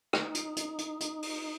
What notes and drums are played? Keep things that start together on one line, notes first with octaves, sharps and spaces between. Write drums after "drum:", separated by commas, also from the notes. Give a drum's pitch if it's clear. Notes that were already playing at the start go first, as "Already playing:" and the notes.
D#4, drum: rim click
drum: hi-hat
drum: hi-hat
drum: hi-hat
drum: hi-hat
drum: open hi-hat